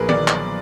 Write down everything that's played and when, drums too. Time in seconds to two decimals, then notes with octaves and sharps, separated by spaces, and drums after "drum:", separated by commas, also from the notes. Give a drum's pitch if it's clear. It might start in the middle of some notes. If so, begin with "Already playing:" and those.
Already playing: B1 A#2 F3 G#4 A#4 B4
0.09 D5, drum: tom
0.28 drum: clap